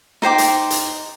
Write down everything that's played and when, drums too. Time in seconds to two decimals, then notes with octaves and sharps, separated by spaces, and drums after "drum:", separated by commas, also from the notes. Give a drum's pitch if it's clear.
0.22 D#4 C5 G5 D6, drum: snare
0.38 drum: hi-hat
0.70 drum: hi-hat